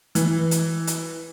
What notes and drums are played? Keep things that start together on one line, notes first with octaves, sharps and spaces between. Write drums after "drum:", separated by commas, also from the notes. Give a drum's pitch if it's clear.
E3, drum: hi-hat
drum: hi-hat
drum: hi-hat